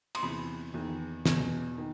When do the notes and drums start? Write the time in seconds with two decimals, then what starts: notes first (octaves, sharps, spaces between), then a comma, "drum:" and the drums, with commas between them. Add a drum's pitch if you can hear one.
0.15 C6, drum: cymbal
0.23 E2 C3 E3 B5
0.74 E2 D#3
1.26 E2 B2, drum: snare
1.78 D#3